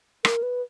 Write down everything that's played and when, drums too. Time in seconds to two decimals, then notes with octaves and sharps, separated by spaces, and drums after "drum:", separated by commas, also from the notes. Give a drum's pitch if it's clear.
0.25 A#4, drum: rim click
0.43 B4